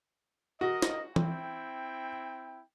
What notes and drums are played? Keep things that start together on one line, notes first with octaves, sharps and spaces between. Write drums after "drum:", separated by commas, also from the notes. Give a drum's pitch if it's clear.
F#4 A#4 D#5
drum: snare
C4 E4 G5, drum: tom E3